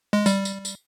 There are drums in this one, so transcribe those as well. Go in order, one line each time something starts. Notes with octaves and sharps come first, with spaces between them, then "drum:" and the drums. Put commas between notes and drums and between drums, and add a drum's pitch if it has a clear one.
G#3
G3, drum: tambourine
drum: tambourine
drum: tambourine